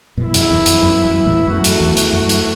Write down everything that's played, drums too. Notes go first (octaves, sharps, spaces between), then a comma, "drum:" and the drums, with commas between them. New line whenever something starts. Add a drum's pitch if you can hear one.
F#2 B2 E3 B3 E4
F#2, drum: hi-hat
E2
F#2, drum: hi-hat
F#2
F#2
E2 A2
F#2 E3 A3 F#4
drum: hi-hat
E2
drum: hi-hat
F#2
drum: hi-hat